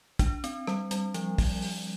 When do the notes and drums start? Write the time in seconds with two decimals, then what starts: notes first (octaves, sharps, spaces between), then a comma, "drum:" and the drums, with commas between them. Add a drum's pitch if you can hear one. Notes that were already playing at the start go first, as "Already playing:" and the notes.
0.19 D4, drum: kick, hi-hat
0.44 C4, drum: hi-hat
0.67 G3, drum: rim click
0.91 G3, drum: hi-hat
1.14 F3, drum: hi-hat
1.38 drum: kick, open hi-hat
1.62 drum: open hi-hat